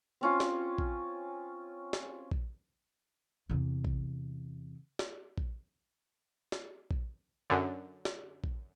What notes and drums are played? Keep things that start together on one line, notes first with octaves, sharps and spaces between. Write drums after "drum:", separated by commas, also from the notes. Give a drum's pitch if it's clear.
C4 C#4 F4
drum: snare
drum: kick A#1
drum: snare
drum: kick A#1
E2 C3
drum: kick A#1
drum: snare
drum: kick A#1
drum: snare
drum: kick A#1
F#2 D3
drum: snare
drum: kick A#1